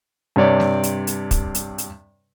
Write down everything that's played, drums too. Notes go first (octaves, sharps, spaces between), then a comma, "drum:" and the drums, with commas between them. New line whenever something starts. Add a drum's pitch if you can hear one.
G2 C3 C#5 D5
drum: snare G3
drum: hi-hat
drum: hi-hat
drum: kick, hi-hat
drum: hi-hat
drum: hi-hat